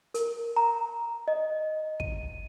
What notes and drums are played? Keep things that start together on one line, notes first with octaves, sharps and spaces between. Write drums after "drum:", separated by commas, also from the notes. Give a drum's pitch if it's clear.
A#4, drum: hi-hat
A#5
D#5
D#7, drum: kick